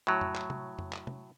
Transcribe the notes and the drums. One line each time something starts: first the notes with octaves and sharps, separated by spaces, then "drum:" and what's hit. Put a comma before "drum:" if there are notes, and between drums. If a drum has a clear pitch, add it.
A2 F#3
drum: tom F2
drum: clap
drum: tom C3
drum: tom F2
drum: clap
drum: tom C3